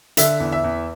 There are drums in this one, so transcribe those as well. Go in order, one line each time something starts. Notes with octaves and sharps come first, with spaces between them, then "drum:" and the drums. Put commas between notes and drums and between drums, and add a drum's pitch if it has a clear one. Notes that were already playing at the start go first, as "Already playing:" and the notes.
D3 E5, drum: hi-hat
E2
E5
E2